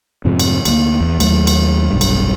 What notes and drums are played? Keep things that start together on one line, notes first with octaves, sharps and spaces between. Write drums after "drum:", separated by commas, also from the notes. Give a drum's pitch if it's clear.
F2 G#2 C3 F3
drum: cymbal
D2 G#3 A#3, drum: cymbal
E2
D#2 F#3 A3, drum: cymbal
drum: cymbal
F1 B1 G2
drum: cymbal